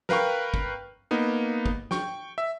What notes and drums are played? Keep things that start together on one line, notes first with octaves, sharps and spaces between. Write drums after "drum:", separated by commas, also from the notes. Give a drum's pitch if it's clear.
A#4 B4 F5 G5 C#6, drum: snare
drum: kick
A#3 B3 D#4
drum: kick
G5 C#6, drum: snare
E5